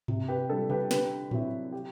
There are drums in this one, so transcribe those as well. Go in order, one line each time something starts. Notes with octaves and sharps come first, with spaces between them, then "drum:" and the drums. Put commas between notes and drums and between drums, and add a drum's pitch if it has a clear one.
C3, drum: tom G2
G4 B4
G3 D4 A4
G4 B4, drum: tom C3
D3 G4 B4, drum: snare
F#3 C4 E4, drum: tom A2
G4